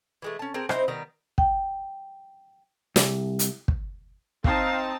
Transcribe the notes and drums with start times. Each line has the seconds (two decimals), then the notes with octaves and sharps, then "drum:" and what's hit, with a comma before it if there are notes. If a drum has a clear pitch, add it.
0.22 E3 G#3 A3
0.39 C#4 A5
0.54 C4 G#4 A#4
0.69 C4 D#4 E4 C5, drum: rim click
0.88 D#3 G3 B3 A#5
1.38 G5, drum: kick
2.96 C2, drum: snare
3.39 drum: hi-hat
3.68 drum: kick
4.44 C4 D#4 F5 A5, drum: kick